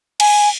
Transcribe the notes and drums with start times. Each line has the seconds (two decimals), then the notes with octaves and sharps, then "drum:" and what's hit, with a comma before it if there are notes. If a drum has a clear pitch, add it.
0.20 G#5, drum: cymbal